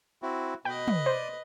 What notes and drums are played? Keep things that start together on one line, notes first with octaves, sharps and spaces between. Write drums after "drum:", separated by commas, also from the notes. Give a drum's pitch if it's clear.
C4 E4 F#4
B2 B4 D#5 G5
drum: tom
C5 D5 D#6